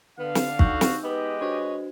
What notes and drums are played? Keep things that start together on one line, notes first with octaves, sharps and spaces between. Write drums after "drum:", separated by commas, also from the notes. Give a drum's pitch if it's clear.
D3 B3 F5
drum: snare
D#4 F#4 E6 G6, drum: kick
drum: snare
G#3 B3 G4 B4 D#5
D4 F#4 C5 C#5